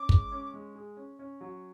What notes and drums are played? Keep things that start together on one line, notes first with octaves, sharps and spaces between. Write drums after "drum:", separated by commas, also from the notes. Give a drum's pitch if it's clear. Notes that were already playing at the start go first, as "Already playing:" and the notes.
Already playing: C#4 D6
G#3, drum: kick
C#4
G#3
G#4
C#4
C#4
F#3